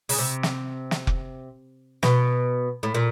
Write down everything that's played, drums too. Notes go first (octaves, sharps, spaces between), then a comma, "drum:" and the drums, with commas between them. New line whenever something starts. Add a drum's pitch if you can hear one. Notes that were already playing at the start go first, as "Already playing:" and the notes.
C#3, drum: open hi-hat
C3
drum: snare
drum: snare
drum: kick F1
B2, drum: snare
A2
A#2